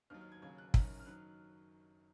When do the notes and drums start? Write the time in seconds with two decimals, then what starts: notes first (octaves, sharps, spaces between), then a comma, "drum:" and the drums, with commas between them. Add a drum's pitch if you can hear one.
0.10 D#2 D#3 F#3 F6
0.21 F6
0.32 G#6
0.42 D#2 C#3 F#3 G#6
0.58 F#6
0.74 F#1 F#2 D#3 F#3 F6, drum: kick
1.00 F6
1.06 D#3 F#3 F#6